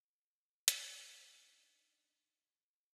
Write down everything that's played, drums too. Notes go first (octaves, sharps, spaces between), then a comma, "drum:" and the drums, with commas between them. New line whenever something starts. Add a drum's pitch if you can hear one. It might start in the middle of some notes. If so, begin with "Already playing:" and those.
D4 D#4 B5 C6, drum: hi-hat